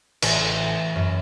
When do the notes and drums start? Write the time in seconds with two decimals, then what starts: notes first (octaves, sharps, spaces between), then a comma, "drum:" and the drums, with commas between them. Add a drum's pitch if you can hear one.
0.22 A1, drum: cymbal
0.66 G#5
0.96 F#2